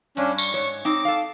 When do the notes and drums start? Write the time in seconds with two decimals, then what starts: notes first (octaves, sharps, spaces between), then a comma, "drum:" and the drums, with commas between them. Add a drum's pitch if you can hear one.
0.17 G2 C#4 D4
0.38 C#6, drum: tambourine
0.54 G#2 C#5
0.85 C4 D#4 D6
1.05 A4 F5